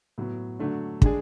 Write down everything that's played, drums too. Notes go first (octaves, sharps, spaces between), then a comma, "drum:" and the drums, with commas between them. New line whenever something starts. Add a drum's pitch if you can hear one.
A2 F#3 B3
D3 F#3 A3 D4
D3 G#3 D4 G#4, drum: kick